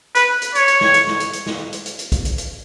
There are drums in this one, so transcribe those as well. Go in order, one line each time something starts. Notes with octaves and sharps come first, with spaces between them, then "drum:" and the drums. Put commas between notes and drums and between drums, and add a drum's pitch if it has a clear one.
B4, drum: hi-hat
drum: hi-hat
C#5, drum: hi-hat
drum: hi-hat
drum: snare
drum: hi-hat
drum: snare
drum: hi-hat
drum: hi-hat
drum: snare
drum: hi-hat
drum: hi-hat
drum: hi-hat
drum: kick, hi-hat
drum: hi-hat
drum: hi-hat